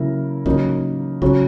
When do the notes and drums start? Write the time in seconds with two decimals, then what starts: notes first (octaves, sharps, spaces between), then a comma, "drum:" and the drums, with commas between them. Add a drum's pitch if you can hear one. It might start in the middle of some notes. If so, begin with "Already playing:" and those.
Already playing: C#3 F#3 A#3 E4 A#4
0.46 C#3 F#3 A#3 D#4, drum: kick A#1
1.22 C#3 F#3 C#4 F#4, drum: kick A#1